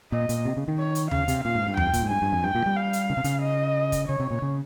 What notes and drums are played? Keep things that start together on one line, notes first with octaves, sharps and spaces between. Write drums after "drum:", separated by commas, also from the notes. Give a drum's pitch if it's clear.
A#2 D#5
A#2, drum: hi-hat
C3
C#3
D#3
C#5
drum: hi-hat
C#3 F5, drum: tom D#2
C3, drum: hi-hat
A#2 F5
G#2
G2
F2 G5, drum: tom D#2
G2
A#2, drum: kick, hi-hat
G#2
G2 G#5
G2
F2
G2 G5
A#2
G3
F5
drum: hi-hat
C#3
C3
C#3, drum: hi-hat
D#5
drum: kick, hi-hat
C#3 C#5
C3
A#2
C#3